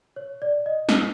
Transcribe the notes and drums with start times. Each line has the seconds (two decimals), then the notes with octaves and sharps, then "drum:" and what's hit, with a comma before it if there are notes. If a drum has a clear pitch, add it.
0.16 C#5
0.42 D5
0.66 D#5
0.89 drum: snare